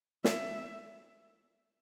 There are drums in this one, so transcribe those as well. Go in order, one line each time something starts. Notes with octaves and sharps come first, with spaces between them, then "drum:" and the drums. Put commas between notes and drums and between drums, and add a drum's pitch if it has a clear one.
E5, drum: snare